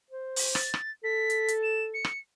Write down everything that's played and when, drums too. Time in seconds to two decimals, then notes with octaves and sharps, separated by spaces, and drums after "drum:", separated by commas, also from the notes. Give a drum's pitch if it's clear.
0.10 C5
0.36 drum: open hi-hat
0.55 A6, drum: rim click
0.74 drum: rim click
1.04 A4 B6
1.30 drum: hi-hat
1.48 drum: hi-hat
1.63 E7
1.94 C#7
2.05 drum: rim click